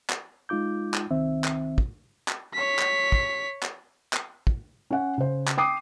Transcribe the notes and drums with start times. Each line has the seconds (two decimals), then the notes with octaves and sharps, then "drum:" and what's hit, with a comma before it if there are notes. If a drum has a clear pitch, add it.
0.10 drum: clap
0.49 G#3 D#4 F4 D6 G6
0.94 drum: clap
1.11 C2 D#3 C4 E5
1.44 drum: clap
1.78 drum: kick
2.28 drum: clap
2.54 C#5 B6
2.79 drum: clap
3.12 drum: kick
3.63 drum: clap
4.13 drum: clap
4.47 drum: kick
4.90 C#4 F#5
5.18 C#3 C5
5.48 drum: clap
5.57 G5 D6 D#6 C7